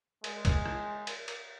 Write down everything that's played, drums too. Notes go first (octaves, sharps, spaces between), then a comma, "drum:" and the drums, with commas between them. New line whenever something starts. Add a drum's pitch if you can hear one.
G#3, drum: cymbal
drum: kick, cymbal
drum: rim click
drum: cymbal
drum: cymbal